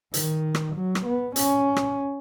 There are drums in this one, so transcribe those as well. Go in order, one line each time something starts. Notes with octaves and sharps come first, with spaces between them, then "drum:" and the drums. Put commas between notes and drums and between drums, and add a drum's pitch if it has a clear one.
D#3, drum: hi-hat
drum: rim click
F#3
drum: rim click
B3
C#4, drum: hi-hat
drum: rim click